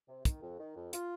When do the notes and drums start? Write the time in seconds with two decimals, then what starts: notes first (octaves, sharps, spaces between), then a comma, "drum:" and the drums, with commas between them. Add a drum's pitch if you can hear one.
0.09 C3
0.25 D#3, drum: kick, hi-hat
0.42 F2
0.60 D#3
0.76 F2
0.93 F4, drum: hi-hat